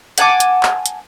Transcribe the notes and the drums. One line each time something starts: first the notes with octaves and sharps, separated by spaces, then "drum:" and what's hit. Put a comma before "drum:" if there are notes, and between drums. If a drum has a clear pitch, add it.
F#5 G#5 A5 D6, drum: hi-hat
drum: hi-hat
drum: clap
drum: hi-hat